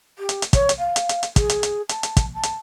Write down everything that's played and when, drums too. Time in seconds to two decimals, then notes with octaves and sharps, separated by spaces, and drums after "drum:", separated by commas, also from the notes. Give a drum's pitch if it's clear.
0.18 G4
0.29 drum: hi-hat
0.42 drum: hi-hat
0.53 C#5, drum: kick, hi-hat
0.69 drum: hi-hat
0.78 F5
0.96 drum: hi-hat
1.09 drum: hi-hat
1.23 drum: hi-hat
1.36 G#4, drum: kick, hi-hat
1.49 drum: hi-hat
1.63 drum: hi-hat
1.89 A5, drum: hi-hat
2.03 drum: hi-hat
2.17 drum: kick, hi-hat
2.34 A5
2.43 drum: hi-hat